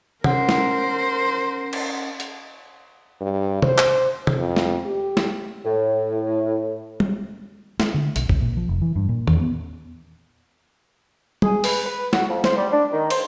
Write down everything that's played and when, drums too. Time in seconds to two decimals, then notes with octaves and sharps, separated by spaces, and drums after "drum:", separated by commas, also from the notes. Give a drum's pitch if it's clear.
0.24 C#4 A#4 C5 F#5, drum: tom
0.49 drum: snare
1.73 drum: cymbal
2.20 drum: hi-hat
3.21 G2
3.62 C5, drum: tom
3.78 drum: clap
4.27 drum: tom
4.38 F2
4.57 drum: snare
4.86 G4
5.17 drum: snare
5.65 A2
7.00 drum: tom
7.80 G#3, drum: snare
7.94 D3
8.16 B1, drum: hi-hat
8.29 C#2, drum: kick
8.41 A#2
8.57 F3
8.69 F1
8.82 E3
8.96 G2
9.09 A#2
9.27 E2, drum: tom
9.41 B3
11.42 G#4, drum: tom
11.64 B4, drum: open hi-hat
11.85 B4
12.13 F#4, drum: snare
12.29 F2
12.44 C5, drum: snare
12.56 G3
12.71 D4
12.92 D#3
13.10 C5, drum: cymbal